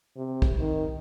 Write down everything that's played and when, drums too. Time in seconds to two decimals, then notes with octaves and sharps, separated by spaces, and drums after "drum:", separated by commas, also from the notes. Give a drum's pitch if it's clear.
0.17 C3
0.42 drum: kick
0.59 D#3